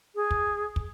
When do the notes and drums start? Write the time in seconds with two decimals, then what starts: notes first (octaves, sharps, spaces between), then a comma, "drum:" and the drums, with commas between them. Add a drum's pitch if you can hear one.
0.15 G#4
0.31 drum: kick
0.76 drum: kick